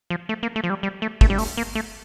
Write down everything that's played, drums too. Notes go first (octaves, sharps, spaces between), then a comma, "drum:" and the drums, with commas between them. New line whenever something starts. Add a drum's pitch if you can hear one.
F3
A3
A#3
A3
F3
G3
G3
A3
A3, drum: kick
G3
A3, drum: open hi-hat
A#3
A3